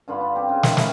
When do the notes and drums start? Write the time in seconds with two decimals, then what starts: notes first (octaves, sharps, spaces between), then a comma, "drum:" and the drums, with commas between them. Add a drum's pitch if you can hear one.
0.08 G2 D3 F4 B5
0.21 D4
0.36 C4 G4
0.49 C#3
0.63 D#3 A3 E4, drum: snare
0.77 A3 B3 C#4, drum: snare